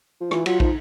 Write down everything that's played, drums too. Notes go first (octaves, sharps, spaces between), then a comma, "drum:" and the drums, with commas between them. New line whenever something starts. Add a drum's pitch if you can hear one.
F3
E3 F4, drum: rim click
F#3 F4, drum: cymbal
F3 D#4, drum: kick